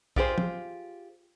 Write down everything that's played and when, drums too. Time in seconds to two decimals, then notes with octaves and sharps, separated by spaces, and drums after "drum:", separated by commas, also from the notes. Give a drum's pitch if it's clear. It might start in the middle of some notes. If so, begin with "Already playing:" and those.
0.16 F4 G4 G#4 C5, drum: kick
0.38 drum: tom